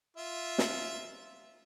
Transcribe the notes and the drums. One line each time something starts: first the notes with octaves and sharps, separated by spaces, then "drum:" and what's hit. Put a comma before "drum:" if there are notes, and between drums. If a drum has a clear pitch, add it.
F4 E5
drum: snare